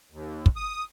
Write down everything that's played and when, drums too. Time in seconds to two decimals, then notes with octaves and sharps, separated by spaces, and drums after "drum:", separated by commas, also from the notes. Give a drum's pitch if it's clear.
0.12 D#2
0.46 drum: kick
0.56 D#6